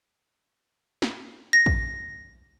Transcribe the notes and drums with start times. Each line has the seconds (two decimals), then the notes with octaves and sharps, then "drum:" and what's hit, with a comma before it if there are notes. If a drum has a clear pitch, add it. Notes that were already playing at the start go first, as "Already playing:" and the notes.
1.02 drum: snare
1.53 A#6
1.66 drum: kick